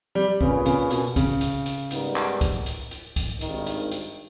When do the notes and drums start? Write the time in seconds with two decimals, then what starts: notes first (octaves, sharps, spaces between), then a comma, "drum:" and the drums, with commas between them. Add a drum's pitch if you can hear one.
0.15 G3
0.41 A#2 C#3 A#3 C#4 G#4 B4, drum: kick
0.66 C#3, drum: hi-hat
0.90 B2, drum: hi-hat
1.16 C#3, drum: kick, hi-hat
1.41 drum: hi-hat
1.66 drum: hi-hat
1.91 G#2 G3 B3 D#4 A#4, drum: hi-hat
2.16 drum: clap
2.41 drum: kick, hi-hat
2.66 drum: hi-hat
2.91 drum: hi-hat
3.16 drum: kick, hi-hat
3.41 G#1 G2 D#3, drum: hi-hat
3.66 drum: hi-hat
3.91 drum: hi-hat